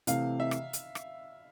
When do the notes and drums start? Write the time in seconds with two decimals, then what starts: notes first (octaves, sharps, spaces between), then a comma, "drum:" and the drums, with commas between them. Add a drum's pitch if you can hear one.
0.07 C3 E3 A3 F5, drum: hi-hat
0.40 E5
0.51 drum: rim click
0.73 drum: hi-hat
0.95 drum: rim click